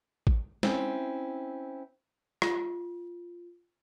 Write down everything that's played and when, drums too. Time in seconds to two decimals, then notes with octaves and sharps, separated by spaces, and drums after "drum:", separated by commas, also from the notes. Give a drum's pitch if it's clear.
0.27 drum: kick A1
0.63 C4 C#4 E4, drum: snare
2.42 F4, drum: rim click